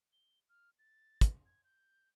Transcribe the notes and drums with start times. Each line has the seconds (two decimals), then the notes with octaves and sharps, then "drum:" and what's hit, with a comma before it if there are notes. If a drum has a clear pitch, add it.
0.13 G7
0.49 F6
0.79 A6
1.21 drum: kick, hi-hat
1.46 G#6
1.64 G6